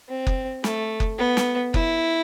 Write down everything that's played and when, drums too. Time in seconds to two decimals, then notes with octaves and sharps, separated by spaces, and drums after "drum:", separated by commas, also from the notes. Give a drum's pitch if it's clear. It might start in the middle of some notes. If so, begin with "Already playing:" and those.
0.09 C4
0.27 drum: kick F#1
0.64 A3, drum: snare
1.00 drum: kick F#1
1.19 B3
1.37 drum: snare
1.74 E4, drum: kick F#1